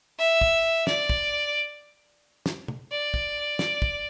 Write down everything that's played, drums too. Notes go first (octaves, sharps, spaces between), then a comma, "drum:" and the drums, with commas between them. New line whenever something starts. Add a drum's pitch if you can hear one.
E5
drum: kick
D5, drum: snare
drum: kick
drum: snare
drum: tom
D5
drum: kick
drum: snare
drum: kick